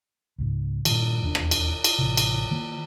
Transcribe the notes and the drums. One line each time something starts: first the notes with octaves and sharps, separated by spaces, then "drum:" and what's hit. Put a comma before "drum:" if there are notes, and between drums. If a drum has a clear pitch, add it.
C#2 G#2
G2 A#2 D#3, drum: cymbal
E1 D#2 D4
drum: rim click
drum: cymbal
drum: cymbal
A1 C3
drum: cymbal
D#3 A#3